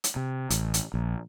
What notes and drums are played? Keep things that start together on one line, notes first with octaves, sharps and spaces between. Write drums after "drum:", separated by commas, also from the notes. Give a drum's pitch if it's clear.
drum: hi-hat
C3
A1, drum: hi-hat
drum: hi-hat
A#1